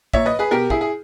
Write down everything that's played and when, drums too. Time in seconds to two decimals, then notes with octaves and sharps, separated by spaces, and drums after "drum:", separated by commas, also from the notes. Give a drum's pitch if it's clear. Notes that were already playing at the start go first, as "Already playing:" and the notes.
0.13 A#2 C#5 E5, drum: kick
0.26 B4 D#5
0.39 G#4 B4
0.51 B2 G4 A#4
0.70 E4 G#4, drum: kick
0.81 G#4